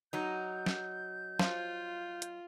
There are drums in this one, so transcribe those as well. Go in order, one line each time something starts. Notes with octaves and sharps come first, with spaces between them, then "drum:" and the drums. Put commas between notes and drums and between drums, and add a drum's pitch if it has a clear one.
F#3 D#4 G6
drum: snare
F3 F4, drum: snare
drum: hi-hat